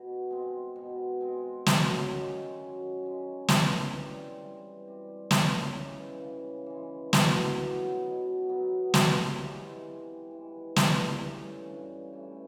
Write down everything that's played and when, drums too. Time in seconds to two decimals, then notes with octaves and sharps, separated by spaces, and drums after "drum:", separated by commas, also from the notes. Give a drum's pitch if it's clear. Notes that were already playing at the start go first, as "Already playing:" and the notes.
Already playing: B2
0.30 G#3 C4
0.76 B2
1.21 G#3 C4
1.66 F#2, drum: snare
2.12 D#3 G#3 C#4
2.58 F#2
3.03 D#3 G#3 C#4
3.48 E3, drum: snare
3.94 G3 C4
4.39 E3
4.85 G3 C4
5.31 C#3, drum: snare
5.76 E3 G#3
6.21 C#3
6.66 E3 G#3
7.13 B2, drum: snare
7.58 F#3 B3
8.03 B2
8.49 F#3 B3
8.94 C3, drum: snare
9.39 E3 G#3
9.85 C3
10.31 E3 G#3
10.76 G2, drum: snare
11.22 E3 A3 C#4
11.67 G2
12.12 E3 A3 C#4